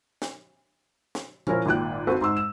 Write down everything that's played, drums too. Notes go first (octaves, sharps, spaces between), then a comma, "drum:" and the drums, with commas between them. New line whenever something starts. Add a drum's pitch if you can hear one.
drum: snare
drum: snare
F3 C#4 E4 A#4 C5 C#5, drum: tom A#2
G#1 A#2 G5 F#6
C4 F#4 A4 B4
G#2 C6 E6
E7